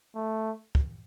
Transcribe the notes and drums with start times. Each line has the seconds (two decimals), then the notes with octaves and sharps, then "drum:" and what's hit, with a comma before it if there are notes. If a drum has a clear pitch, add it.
0.15 A3
0.75 drum: kick